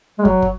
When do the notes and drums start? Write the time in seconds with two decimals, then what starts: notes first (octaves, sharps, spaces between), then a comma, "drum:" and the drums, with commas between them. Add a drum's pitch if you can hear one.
0.19 G#3
0.25 F#3, drum: kick
0.42 drum: kick